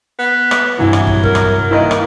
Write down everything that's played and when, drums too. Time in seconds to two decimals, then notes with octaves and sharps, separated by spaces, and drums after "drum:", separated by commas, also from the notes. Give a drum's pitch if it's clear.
0.19 B3
0.51 drum: rim click
0.79 C2 G2 E3 F#3 E4
0.93 drum: rim click
1.07 drum: kick
1.24 A#4, drum: kick
1.35 drum: rim click
1.71 D#3 A#3 E4 B4 D#5
1.91 drum: rim click